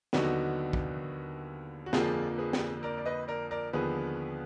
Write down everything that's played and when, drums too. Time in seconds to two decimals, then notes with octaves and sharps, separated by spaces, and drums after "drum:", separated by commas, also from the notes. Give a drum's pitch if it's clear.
0.13 D#2 D3 F#3 B3 D#4 F#4, drum: snare
0.73 drum: kick
1.86 F#4
1.93 F2 D3 F3 A#3 F4 G#4, drum: snare
2.38 G#4 B4
2.53 drum: snare
2.83 A#4 D5
2.98 D5
3.06 B4 D#5
3.28 A#4 D5
3.51 A#4 D5
3.73 D#2 D3 F3 B3 G#4 B4